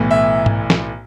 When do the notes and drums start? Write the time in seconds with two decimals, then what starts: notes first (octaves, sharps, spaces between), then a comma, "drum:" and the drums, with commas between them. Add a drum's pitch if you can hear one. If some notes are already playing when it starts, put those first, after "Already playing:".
Already playing: B1 A2 E3
0.11 E5
0.46 drum: tom G#2
0.70 drum: snare